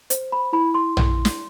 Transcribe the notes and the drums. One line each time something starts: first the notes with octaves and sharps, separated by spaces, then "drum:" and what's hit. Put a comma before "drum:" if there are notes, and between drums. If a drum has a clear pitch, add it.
C5, drum: hi-hat
B5
E4 B5
C6
E4, drum: tom A#1
drum: snare